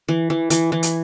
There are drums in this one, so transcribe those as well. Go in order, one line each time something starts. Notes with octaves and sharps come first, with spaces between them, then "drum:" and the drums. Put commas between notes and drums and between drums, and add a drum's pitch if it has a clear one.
E3
E3
E3, drum: hi-hat
E3
drum: hi-hat